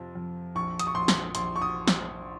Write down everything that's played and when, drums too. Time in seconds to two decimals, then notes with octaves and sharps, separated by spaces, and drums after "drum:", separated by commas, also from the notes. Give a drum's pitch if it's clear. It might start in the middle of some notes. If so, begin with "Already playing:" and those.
Already playing: F2 C3 F3
0.15 F2
0.55 A#1 C#6
0.79 D#6, drum: hi-hat
0.87 C#6
0.95 A#1 C6
1.08 drum: snare
1.35 A#1 C6, drum: hi-hat
1.56 C#6
1.62 D#6
1.88 drum: snare